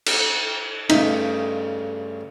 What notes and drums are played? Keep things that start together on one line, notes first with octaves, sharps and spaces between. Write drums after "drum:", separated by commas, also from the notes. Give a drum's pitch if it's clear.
drum: cymbal
G2 C#3 A3 D#4, drum: cymbal